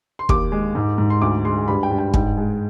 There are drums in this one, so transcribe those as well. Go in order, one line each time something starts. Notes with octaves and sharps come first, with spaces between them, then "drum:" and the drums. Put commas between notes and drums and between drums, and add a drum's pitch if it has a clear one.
C6
D#2 D6, drum: kick
G#3
G#2
G#2
C6
D2 D6
G#3 C6
G2 B5
G5
G2
G5
G#2 G5, drum: kick
G#3